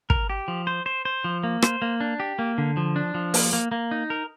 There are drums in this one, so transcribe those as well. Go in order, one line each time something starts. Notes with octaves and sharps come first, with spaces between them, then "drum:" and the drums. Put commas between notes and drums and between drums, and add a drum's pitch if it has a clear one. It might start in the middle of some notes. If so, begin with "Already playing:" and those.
A#4, drum: kick
G4
F3
C5
C5
C5
F3
A#3
C5, drum: rim click
A#3
D4
G4
A#3
D3
F3
D4
F3
A#3, drum: open hi-hat
A#3
A#3
D#4
A#4